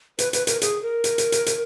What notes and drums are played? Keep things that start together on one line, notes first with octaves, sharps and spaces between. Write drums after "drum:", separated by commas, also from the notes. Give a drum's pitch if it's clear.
B4, drum: hi-hat
B4, drum: hi-hat
A#4, drum: hi-hat
G#4, drum: hi-hat
A#4
drum: hi-hat
drum: hi-hat
drum: hi-hat
drum: hi-hat